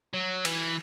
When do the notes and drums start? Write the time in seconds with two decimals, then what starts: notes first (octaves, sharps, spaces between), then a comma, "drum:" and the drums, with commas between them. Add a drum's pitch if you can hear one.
0.14 F#3
0.45 E3, drum: cymbal